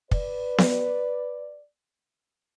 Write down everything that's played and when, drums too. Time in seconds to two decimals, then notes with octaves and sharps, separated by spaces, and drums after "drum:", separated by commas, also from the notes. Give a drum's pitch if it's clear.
0.11 B4 D5, drum: kick
0.58 drum: snare B3